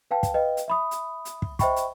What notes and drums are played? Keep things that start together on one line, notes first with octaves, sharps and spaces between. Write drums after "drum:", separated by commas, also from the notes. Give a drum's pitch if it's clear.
B4 F5 G5 A5
drum: kick, hi-hat
B4 D#5 F5 G5
drum: hi-hat
E5 B5 D#6
drum: hi-hat
drum: hi-hat
drum: kick
C5 D#5 E5 G5 B5 C#6, drum: kick, hi-hat
drum: hi-hat